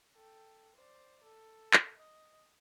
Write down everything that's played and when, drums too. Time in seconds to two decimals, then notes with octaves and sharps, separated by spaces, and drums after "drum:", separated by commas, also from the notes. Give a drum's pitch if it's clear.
0.14 A4 G5
0.76 C5 D5
1.24 A4
1.73 drum: clap
1.97 D#5